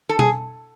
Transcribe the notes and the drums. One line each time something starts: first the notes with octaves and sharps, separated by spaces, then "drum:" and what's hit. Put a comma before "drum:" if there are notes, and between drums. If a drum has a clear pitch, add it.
A4
G#4, drum: tom B2